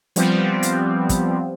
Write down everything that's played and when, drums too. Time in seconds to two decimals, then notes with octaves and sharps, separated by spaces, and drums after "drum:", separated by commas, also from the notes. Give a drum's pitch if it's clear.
0.16 F3 G3 B3 C4, drum: hi-hat
0.63 drum: hi-hat
1.09 drum: kick, hi-hat